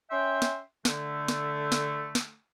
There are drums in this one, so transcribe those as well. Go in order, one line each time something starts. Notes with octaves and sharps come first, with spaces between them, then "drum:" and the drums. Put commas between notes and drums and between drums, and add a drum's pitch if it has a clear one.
C#4 E5 G5 C6
drum: snare
D3 A3, drum: snare
drum: snare
drum: snare
drum: snare